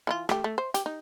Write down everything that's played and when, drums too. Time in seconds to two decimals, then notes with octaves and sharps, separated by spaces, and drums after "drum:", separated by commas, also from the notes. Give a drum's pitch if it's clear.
0.07 E3 E4 F4
0.29 A3 G4, drum: rim click
0.44 A3
0.58 C5
0.74 G4, drum: hi-hat
0.86 D#4